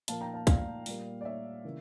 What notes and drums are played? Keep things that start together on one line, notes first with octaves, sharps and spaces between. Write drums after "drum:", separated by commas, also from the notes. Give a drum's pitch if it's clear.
A#2 F3 A#3 F5 A5, drum: hi-hat
G5 A#5
F5 A5
D5 F5, drum: kick, hi-hat
A#2 G3 A#3, drum: open hi-hat
D5
C#5 E5
C#3 E3 A#3